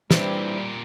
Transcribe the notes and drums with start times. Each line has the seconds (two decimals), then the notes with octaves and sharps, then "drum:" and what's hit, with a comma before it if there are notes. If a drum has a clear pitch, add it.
0.11 A#2 E3 G3 C4 D4 G4, drum: snare